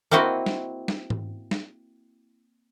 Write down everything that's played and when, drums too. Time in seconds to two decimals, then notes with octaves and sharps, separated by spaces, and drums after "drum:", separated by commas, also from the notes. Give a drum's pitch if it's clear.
0.11 A#3 C4 E4 F#4 D#5
0.46 drum: snare
0.88 drum: snare
1.10 drum: tom G#2
1.51 drum: snare